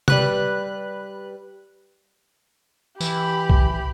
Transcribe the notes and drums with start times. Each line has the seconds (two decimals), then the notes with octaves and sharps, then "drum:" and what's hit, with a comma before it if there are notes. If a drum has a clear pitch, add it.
0.08 G3 B4 F#6, drum: tom C3
3.00 E3 G4 B5, drum: tambourine
3.50 drum: kick B1